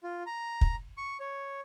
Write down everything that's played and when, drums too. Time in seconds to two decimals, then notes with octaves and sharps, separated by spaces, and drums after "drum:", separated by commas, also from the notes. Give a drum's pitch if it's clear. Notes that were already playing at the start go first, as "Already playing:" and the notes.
0.03 F4
0.26 A#5
0.61 drum: kick
0.98 C#6
1.20 C#5